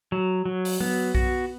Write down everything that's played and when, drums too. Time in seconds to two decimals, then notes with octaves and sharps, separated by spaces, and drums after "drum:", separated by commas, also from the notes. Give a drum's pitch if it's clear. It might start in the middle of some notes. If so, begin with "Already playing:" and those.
0.12 F#3
0.45 F#3
0.65 drum: open hi-hat
0.80 B3, drum: tom F#3
1.15 F#4, drum: kick B1